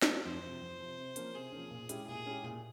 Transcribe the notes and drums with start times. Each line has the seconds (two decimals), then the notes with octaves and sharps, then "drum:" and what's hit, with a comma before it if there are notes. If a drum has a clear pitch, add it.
0.02 drum: snare
0.25 F2 C5
0.43 C3 F3
0.61 F2
0.80 C3 F3
0.98 C3
1.16 F3 A#3 C#4, drum: hi-hat
1.35 C3 G#4
1.52 F3 A#3 C#4
1.71 A#2
1.89 G#3 C#4 E4 G4, drum: hi-hat
2.07 A#2 G#4
2.26 G#3 C#4 E4 G4
2.43 A#2